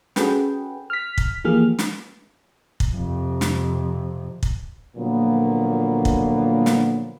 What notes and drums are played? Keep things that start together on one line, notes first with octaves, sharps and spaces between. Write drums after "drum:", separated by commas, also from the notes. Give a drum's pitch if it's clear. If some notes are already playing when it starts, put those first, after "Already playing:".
C#4 F#4 G#4 A4 B4 G5, drum: snare
F6 B6
drum: kick
E3 F3 A#3 G4 G#4 F6
drum: snare
drum: kick
F2 C3
drum: snare
drum: kick
A#2 D3 F3 F#3 A#3 B3
drum: kick
drum: snare